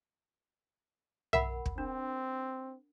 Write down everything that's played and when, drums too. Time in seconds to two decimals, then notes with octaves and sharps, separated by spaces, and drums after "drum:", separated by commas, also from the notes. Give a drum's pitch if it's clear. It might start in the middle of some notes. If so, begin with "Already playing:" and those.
1.33 A#4 E5 F#5 B5, drum: tom B1
1.66 drum: kick
1.78 C4 D4